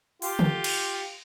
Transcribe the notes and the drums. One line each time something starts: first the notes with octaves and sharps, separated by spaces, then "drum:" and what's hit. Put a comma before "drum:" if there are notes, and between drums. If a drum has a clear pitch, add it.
F4 G4, drum: open hi-hat
drum: tom D3
drum: cymbal